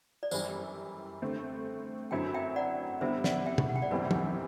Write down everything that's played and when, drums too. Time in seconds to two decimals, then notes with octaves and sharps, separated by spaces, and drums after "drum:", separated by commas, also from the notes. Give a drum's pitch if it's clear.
0.23 D5
0.31 F#2 E3 G3 C5, drum: tambourine
1.22 D3 A3 C4
2.11 F#2 D3 F#3 C4 E4 G5
2.34 E5 G5
2.56 D5 F#5
3.01 D3 G3 B3 E4 C5 E5
3.24 D5 F#5, drum: snare
3.46 E5 G5
3.58 drum: tom
3.69 F#5
3.76 G5
3.82 D5 F#5
3.91 F#2 E3 G3 C4 B4
4.11 drum: tom F3